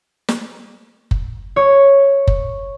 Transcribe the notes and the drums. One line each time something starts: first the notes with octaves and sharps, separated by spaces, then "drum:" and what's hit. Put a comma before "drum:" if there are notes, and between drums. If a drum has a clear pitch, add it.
drum: snare
drum: kick F#1
C#5
drum: kick F#1